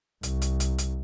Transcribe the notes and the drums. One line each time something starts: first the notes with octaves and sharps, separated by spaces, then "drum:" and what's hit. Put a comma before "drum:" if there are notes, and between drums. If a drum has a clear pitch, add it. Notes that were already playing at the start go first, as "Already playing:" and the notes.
C2, drum: hi-hat
drum: hi-hat
drum: hi-hat
drum: hi-hat